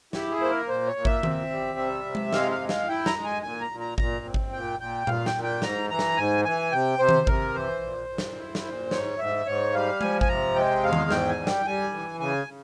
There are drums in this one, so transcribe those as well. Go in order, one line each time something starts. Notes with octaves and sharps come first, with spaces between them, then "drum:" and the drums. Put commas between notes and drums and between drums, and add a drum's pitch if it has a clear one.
E4 G4, drum: snare
G#4
A#3 C5
A#4
A#2 C5
C#5
A#2
E5, drum: kick G#1
C4, drum: tom D#3
G3
C3
C3
drum: tom G#3
G#3 F5, drum: snare
F5
G#3
F5, drum: snare
E4 G5
A#5, drum: snare
G#3
G#5
A#2 G#5
A#5
A#2
A#5
A#2 A#5, drum: kick G#1
C4
drum: kick G#1
A#2 G5
A#2 G5
A#2 F5, drum: tom A#2
G5, drum: snare
A#2
G5
G#2 A#5, drum: snare
E3 A#5
drum: snare
G#2 G#5
E3 G#5
C3 G5
C3 C5
drum: tom D#3
C3 A#4, drum: kick G#1
E3 C5
A#2
A#2
drum: snare
E4
drum: snare
A#2
G#2 C#5, drum: snare
G#2 E5
G#2 C#5
G3 F5
F3 G#5, drum: tom G#3
G#5, drum: kick G#1
C3 A#5
G#3 G5
E2 F5
drum: tom D#3
G#2 G5, drum: snare
G#5
G3
G5, drum: snare
G3 G#5
E3
C#3 G#5
C#3